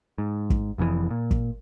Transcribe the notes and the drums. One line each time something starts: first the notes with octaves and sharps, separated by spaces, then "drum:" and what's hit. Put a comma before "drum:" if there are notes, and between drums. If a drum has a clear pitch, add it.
G#2
drum: kick
F1 F2 C3 E3
A#2
drum: kick